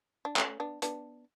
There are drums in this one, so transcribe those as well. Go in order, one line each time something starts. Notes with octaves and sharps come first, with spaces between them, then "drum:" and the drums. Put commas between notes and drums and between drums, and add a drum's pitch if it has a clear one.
D4
A3 C#4, drum: clap
B3 D4
B3 D4, drum: hi-hat